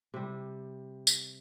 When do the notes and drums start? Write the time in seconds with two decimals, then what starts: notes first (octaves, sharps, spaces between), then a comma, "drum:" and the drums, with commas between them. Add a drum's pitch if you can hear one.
0.14 C3 G3
1.07 drum: tambourine